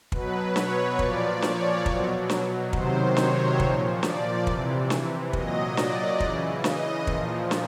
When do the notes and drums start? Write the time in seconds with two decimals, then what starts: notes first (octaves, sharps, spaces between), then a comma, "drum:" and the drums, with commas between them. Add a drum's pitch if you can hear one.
0.12 B2 F#3 B4, drum: kick
0.56 C#5, drum: snare
0.99 A#2 F3 D5, drum: kick
1.42 C#5, drum: snare
1.86 B2 F#3, drum: kick
2.29 drum: snare
2.73 C3 D#3 F#3 C5, drum: kick
3.17 C#5, drum: snare
3.60 A#2 F3, drum: kick
4.03 D5, drum: snare
4.47 C3 E3, drum: kick
4.90 drum: snare
5.33 A#2 F#3 D#5, drum: kick
5.77 D5, drum: snare
6.20 C#3 E3, drum: kick
6.64 D#5, drum: snare
7.07 A#2 F3, drum: kick
7.51 drum: snare